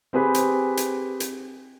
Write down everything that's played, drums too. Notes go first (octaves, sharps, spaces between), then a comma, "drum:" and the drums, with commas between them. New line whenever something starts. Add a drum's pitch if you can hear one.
C4 G4 G#4 B4 G#5
drum: hi-hat
drum: hi-hat
drum: hi-hat